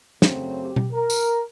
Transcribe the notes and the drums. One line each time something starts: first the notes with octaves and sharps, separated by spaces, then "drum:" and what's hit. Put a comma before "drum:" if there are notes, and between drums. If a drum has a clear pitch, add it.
F#2 C#3 F#3 A3 C4, drum: snare
G4
drum: tom B2
A#4
drum: tambourine